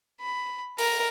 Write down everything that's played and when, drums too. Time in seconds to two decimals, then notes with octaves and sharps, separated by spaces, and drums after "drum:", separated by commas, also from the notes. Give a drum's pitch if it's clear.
0.20 B5
0.78 A#4, drum: open hi-hat